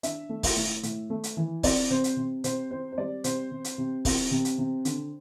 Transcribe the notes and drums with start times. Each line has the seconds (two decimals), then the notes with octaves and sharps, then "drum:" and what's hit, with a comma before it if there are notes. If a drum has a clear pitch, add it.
0.03 D4 E5, drum: hi-hat
0.29 A3
0.43 drum: kick, open hi-hat
0.56 A2
0.83 A2, drum: hi-hat
1.10 A3
1.24 drum: hi-hat
1.37 E3
1.63 C4 D5, drum: kick, open hi-hat
1.90 C3 C5
2.04 drum: hi-hat
2.17 C3
2.44 C3 C5, drum: hi-hat
2.71 C4 C5
2.92 C5
2.98 G3 D5
3.24 C3 C5, drum: hi-hat
3.51 C3
3.64 drum: hi-hat
3.78 C3
4.05 C3, drum: kick, open hi-hat
4.31 C3
4.45 drum: hi-hat
4.58 C3
4.85 D3, drum: hi-hat